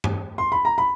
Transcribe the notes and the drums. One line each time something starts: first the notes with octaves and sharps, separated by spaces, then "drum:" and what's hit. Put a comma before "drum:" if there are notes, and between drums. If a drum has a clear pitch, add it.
drum: tom G2
C6
B5
A#5
B5